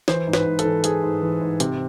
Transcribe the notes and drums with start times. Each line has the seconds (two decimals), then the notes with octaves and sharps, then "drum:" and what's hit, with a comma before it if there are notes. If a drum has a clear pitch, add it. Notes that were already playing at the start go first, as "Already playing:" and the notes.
0.08 E3 C5, drum: snare
0.27 G#2
0.33 B4, drum: snare
0.46 G#2
0.59 A4, drum: hi-hat
0.65 E3
0.84 E3 G#4, drum: hi-hat
1.03 G#2
1.22 E3
1.41 G#2
1.60 C3, drum: hi-hat